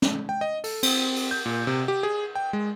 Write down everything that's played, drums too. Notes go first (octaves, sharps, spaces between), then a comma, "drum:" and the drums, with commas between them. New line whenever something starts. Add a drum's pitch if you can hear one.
drum: snare
G5
D#5
A4, drum: open hi-hat
C4, drum: cymbal
drum: open hi-hat
G6
A#2
C3
G4
G#4
G5
G#3